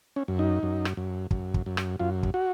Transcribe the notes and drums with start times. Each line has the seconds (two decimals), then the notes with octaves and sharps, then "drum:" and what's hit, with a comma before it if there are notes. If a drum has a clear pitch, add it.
0.16 C#4
0.28 F#2
0.39 D#4
0.63 F#2
0.85 drum: rim click
0.97 F#2
1.31 F#2, drum: kick
1.54 drum: kick
1.66 F#2
1.77 drum: rim click
2.00 F#2 F4
2.23 drum: kick
2.34 F#4